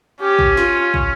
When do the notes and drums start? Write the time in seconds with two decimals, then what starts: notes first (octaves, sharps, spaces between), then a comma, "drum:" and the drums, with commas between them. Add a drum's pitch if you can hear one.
0.20 C#4 G4
0.39 drum: kick
0.57 F4, drum: snare
0.94 drum: kick